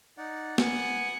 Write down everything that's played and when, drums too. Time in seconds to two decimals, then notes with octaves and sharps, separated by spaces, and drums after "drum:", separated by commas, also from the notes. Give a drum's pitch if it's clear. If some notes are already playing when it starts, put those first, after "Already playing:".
0.18 D#4 D5 F#5
0.58 B3 F#5 G#5, drum: snare